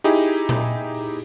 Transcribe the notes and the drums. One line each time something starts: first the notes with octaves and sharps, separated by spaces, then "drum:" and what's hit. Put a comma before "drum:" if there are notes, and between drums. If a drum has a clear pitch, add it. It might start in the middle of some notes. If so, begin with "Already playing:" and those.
D#4 E4 G4 G#4
drum: tom A#2
drum: open hi-hat